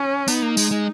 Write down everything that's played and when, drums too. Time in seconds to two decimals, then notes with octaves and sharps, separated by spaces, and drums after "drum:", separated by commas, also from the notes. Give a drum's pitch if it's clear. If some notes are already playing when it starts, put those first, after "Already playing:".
Already playing: C#4
0.28 B3 D#4, drum: tambourine
0.42 A#3
0.57 G#3, drum: tambourine
0.71 G#3